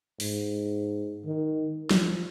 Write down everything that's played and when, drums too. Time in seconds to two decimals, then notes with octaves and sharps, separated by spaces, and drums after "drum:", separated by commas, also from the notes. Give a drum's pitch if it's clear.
0.20 G#2, drum: open hi-hat
1.25 D#3
1.91 F3, drum: snare